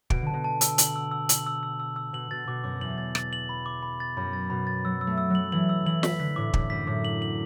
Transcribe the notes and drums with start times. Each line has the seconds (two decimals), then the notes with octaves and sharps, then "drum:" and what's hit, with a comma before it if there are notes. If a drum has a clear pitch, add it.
0.10 B2 D7, drum: kick
0.22 D3
0.27 A5
0.33 B2
0.44 A5
0.61 E6, drum: hi-hat
0.78 F#7, drum: hi-hat
0.96 E6
1.11 E6
1.29 F#7, drum: hi-hat
1.46 E6
1.63 E6
1.80 E6
1.96 E6
2.13 B2 F#7
2.31 B2 A6
2.47 B2 D6
2.64 F#2 D6
2.81 E2 F#7
2.98 A6
3.15 A6, drum: rim click
3.33 F#7
3.49 B5
3.66 D6
3.83 B5
4.00 A6
4.17 F#2 B5
4.33 A6
4.50 B2 B5
4.67 A6
4.85 F#3 E6
5.01 E6
5.07 A3
5.18 E6
5.30 F#3 F#7
5.52 E3 F#7
5.69 E6
5.86 E3 F#7
6.03 B6, drum: snare
6.19 D3 B6
6.36 A2 D6
6.54 A2 D6, drum: kick
6.70 F#2 B6
6.87 A2 D6
7.05 F#7
7.22 F#7